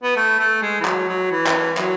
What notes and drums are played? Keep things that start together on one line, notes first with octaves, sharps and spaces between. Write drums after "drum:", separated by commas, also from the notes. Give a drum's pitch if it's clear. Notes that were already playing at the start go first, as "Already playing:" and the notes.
B3
A3
A3
G#3
E3
F#3, drum: clap
F#3
E3
drum: clap
F#3, drum: clap